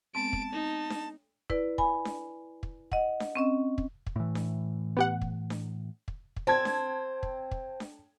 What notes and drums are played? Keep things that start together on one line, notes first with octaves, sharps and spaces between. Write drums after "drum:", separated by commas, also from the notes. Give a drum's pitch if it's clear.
G#3 B3 C4 A5 D7
drum: kick
D#4
drum: snare D4
E4 B4 D5, drum: kick
G#5 B5, drum: kick
drum: snare D4
drum: kick
D#5 F#5, drum: kick
drum: snare D4
C4 C#4 D#5
drum: kick
drum: kick
A2 E3
drum: snare D4
B3 G4 F#5
drum: kick
drum: snare D4
drum: kick
drum: kick
C4 A5 G#6
drum: snare D4
drum: kick
drum: kick
drum: snare D4